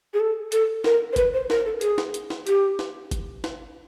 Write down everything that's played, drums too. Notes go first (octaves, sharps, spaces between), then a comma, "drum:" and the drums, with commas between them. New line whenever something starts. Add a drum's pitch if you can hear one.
G#4
A4
A4, drum: hi-hat
A#4, drum: snare
C5
B4, drum: kick F#1, hi-hat
C5
A#4, drum: snare
A4
G#4, drum: hi-hat
drum: snare
drum: hi-hat
drum: snare
G4, drum: hi-hat
drum: snare
drum: kick F#1, hi-hat
drum: snare